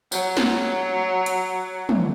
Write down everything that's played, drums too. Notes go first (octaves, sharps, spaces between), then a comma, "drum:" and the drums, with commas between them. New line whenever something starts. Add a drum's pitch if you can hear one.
F#3, drum: tambourine
drum: snare
drum: hi-hat
drum: tom